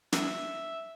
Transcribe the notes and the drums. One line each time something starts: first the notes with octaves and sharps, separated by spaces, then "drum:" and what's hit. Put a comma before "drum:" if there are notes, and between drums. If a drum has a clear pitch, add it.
E5, drum: snare